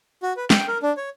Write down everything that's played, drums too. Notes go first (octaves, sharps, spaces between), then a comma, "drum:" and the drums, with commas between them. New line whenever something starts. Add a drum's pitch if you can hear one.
F#4
B4
G5, drum: snare
A#4
D4
C#5